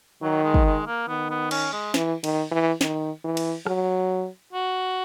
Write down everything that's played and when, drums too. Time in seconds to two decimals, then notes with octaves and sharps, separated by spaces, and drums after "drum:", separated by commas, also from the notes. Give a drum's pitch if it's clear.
0.22 D#3 F#3
0.44 G#3
0.54 drum: kick
0.66 G#3
0.87 A#3
1.08 D#3 B3
1.30 B3
1.51 C#4, drum: cymbal
1.73 G#3
1.94 E3, drum: snare
2.24 D#3, drum: cymbal
2.51 E3
2.81 D#3, drum: snare
3.24 E3
3.37 drum: cymbal
3.67 F#3, drum: rim click
4.53 F#4